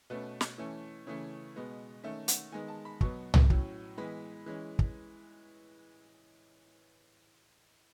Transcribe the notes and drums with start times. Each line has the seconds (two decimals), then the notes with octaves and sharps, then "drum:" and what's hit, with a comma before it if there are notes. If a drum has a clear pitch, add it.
0.10 B2 A3 C#4 B4
0.41 drum: snare
0.58 E3 A3 C#4
1.07 C#3 E3 A3 C#4 C#5
1.56 B2 G#3 B3
2.04 D#3 A3 C#4 E5
2.28 F#5, drum: hi-hat
2.52 D#3 G#3 B3 G#5
2.68 A5
2.85 B5
3.01 B2 F#3 B3 C#6, drum: kick
3.34 drum: tom C2
3.50 A2 F#3 C#4, drum: kick
3.98 E3 G#3 B3 B5
4.46 E3 G#3 C#4
4.79 drum: kick